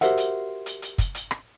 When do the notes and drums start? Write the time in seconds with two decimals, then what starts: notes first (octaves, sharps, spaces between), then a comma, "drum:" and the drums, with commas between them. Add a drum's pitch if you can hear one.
0.01 F#4 G4 A#4 C5 E5 F#5, drum: hi-hat
0.17 drum: hi-hat
0.66 drum: hi-hat
0.82 drum: hi-hat
0.98 drum: kick, hi-hat
1.15 drum: hi-hat
1.31 drum: rim click